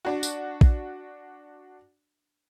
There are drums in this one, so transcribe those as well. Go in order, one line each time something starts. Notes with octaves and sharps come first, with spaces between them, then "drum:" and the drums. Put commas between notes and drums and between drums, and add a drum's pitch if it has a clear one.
D4 F#4
drum: tambourine
drum: kick A#1